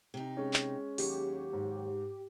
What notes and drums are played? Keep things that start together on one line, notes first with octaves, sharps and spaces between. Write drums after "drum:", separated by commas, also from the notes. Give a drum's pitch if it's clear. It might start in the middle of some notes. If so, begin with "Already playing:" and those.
C3 D#4
G#3 C#4
drum: clap
D#2 F#3 G4, drum: open hi-hat
G#2